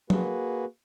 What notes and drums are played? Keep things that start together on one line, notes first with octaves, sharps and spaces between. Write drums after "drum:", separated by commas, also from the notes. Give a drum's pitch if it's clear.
A#3 F#4 G#4 B4, drum: tom